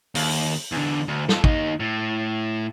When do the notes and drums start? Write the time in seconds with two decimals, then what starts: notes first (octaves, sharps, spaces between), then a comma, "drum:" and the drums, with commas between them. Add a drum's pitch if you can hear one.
0.15 D#2, drum: open hi-hat
0.72 E2 D3
1.08 D2
1.29 F4 A4, drum: snare
1.44 D#2 D#4, drum: kick
1.80 A2